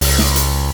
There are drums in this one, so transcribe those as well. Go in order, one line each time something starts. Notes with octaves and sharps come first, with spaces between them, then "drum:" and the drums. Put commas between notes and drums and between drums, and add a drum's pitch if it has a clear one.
C#2, drum: open hi-hat
drum: snare
drum: hi-hat